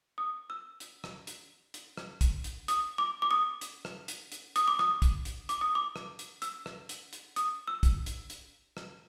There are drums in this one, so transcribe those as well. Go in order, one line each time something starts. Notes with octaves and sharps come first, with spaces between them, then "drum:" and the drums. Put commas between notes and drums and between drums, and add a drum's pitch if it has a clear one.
D#6
E6
drum: hi-hat
drum: rim click
drum: hi-hat
drum: hi-hat
drum: rim click
drum: kick, hi-hat
drum: hi-hat
D#6, drum: hi-hat
D6
D6
D#6
drum: hi-hat
drum: rim click
drum: hi-hat
drum: hi-hat
D#6, drum: hi-hat
D6
D#6, drum: rim click
drum: kick, hi-hat
drum: hi-hat
D6, drum: hi-hat
D#6
D6
drum: rim click
drum: hi-hat
E6, drum: hi-hat
drum: rim click
drum: hi-hat
drum: hi-hat
D#6, drum: hi-hat
E6
drum: kick, hi-hat
drum: hi-hat
drum: hi-hat
drum: rim click